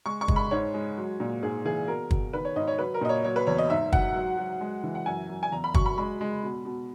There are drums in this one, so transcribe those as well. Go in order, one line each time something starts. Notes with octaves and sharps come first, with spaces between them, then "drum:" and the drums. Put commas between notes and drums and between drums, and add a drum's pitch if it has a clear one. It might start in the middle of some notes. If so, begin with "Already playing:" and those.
G#3 C#6
C#6
G#3, drum: kick
B5
G#2 C#5
G#3
F#3
A#2
G#2 G#4
E3 G#4
B2 A#4
B2, drum: kick
D#3 B4
C#5
G#2 D#5
C#5
F#3 B4
A#4
A#2 D#5
C#5
F#3 C#5
B4
E2 C#5
D#5
G#2 E5
F#3 F#5, drum: kick
F#3
F#3
G#3
E3
F#5
F#2 G#5
F#2
G#5
E2 A#5
B5
F#3 C#6, drum: kick
B5
G#3 B5
G#3
B2
B2